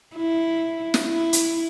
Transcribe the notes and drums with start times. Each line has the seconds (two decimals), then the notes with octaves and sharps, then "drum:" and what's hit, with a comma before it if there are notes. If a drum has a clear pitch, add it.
0.16 E4
0.94 drum: snare
1.04 E4
1.33 drum: hi-hat